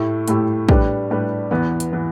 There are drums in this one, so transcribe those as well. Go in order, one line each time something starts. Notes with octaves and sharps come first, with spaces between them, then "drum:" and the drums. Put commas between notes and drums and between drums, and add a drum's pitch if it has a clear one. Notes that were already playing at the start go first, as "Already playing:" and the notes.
Already playing: A2 A3 E4 G4
A2 A3 E4 G4, drum: hi-hat
A2 G3 D4 G4 B4, drum: kick
A2 G3 D4 G4 B4
E2 E3 B3
drum: hi-hat
E3 B3